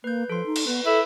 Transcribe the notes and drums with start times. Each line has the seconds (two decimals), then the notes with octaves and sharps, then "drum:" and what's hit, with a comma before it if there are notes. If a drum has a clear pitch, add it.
0.04 A#3 B4 G6
0.30 F3 A4 C6
0.46 D#4
0.56 drum: cymbal
0.67 B3 B4
0.86 E4 A4